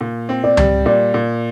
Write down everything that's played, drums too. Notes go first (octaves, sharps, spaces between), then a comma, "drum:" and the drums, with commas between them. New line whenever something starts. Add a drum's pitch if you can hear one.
A#2
C4
D5
G3, drum: tom C#2
A#2 D5
A#2